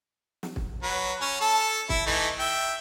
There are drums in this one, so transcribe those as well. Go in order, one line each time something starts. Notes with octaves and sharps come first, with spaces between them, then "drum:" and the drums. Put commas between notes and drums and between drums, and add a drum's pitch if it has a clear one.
drum: snare
drum: kick
F#3 B4
C#4
A4 A5
E4, drum: kick
E3 A3 D#4
E5 G5